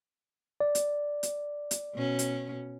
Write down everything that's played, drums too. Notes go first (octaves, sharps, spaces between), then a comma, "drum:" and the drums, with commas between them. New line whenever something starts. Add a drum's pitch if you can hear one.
D5
drum: hi-hat
drum: hi-hat
drum: hi-hat
B2 C#4
drum: hi-hat